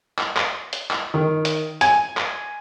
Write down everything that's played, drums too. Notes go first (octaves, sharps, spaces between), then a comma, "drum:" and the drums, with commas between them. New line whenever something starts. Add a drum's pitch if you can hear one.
drum: clap
drum: clap
drum: hi-hat
drum: clap
D#3
drum: hi-hat
G#5, drum: hi-hat
drum: clap